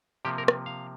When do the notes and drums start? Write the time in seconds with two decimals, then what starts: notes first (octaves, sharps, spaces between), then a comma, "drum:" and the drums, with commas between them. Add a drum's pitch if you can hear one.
0.25 C3 F3 A#3 G4
0.38 A#4
0.48 drum: rim click
0.66 F5